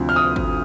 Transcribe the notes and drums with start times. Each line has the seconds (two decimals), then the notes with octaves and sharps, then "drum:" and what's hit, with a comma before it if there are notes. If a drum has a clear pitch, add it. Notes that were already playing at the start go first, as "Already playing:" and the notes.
Already playing: D2 C3 F3
0.09 F6
0.16 D#6
0.36 drum: kick G1